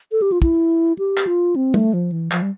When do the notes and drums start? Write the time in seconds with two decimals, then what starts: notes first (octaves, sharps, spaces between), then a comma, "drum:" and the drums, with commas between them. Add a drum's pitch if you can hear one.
0.12 A4
0.22 G4
0.32 F4
0.42 E4, drum: kick
0.99 G4
1.17 drum: clap
1.27 F4
1.56 C4
1.74 A3, drum: tom
1.94 F3
2.12 E3
2.32 F3, drum: clap
2.42 G3